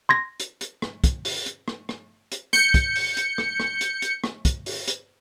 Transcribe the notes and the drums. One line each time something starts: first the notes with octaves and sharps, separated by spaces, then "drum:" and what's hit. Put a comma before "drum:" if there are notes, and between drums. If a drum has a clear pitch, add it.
C6 G#6 A#6
drum: hi-hat
drum: hi-hat
drum: rim click
drum: kick, hi-hat
drum: open hi-hat
drum: hi-hat
drum: rim click
drum: rim click
drum: hi-hat
G6 C#7, drum: rim click
drum: kick, hi-hat
drum: open hi-hat
drum: hi-hat
drum: rim click
drum: rim click
drum: hi-hat
drum: hi-hat
drum: rim click
drum: kick, hi-hat
drum: open hi-hat
drum: hi-hat